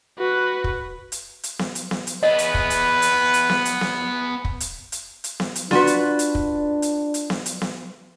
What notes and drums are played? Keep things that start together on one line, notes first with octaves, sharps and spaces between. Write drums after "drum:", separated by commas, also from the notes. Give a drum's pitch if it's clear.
F#4 B4
drum: kick
drum: hi-hat
drum: hi-hat
drum: snare B3
drum: hi-hat
drum: snare B3
drum: hi-hat
B3 G#4 B4 D#5
drum: hi-hat
drum: kick
drum: hi-hat
drum: hi-hat
drum: hi-hat
drum: snare B3
drum: hi-hat
drum: snare B3
drum: kick
drum: hi-hat
drum: hi-hat
drum: hi-hat
drum: snare B3
drum: hi-hat
D4 F4 F#4 B4, drum: snare B3
drum: hi-hat
drum: hi-hat
drum: kick
drum: hi-hat
drum: hi-hat
drum: snare B3
drum: hi-hat
drum: snare B3